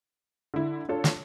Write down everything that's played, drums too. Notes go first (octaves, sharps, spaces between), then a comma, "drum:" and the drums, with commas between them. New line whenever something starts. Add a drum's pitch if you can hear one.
D3 E4
D4 F4 A4 C#5
drum: snare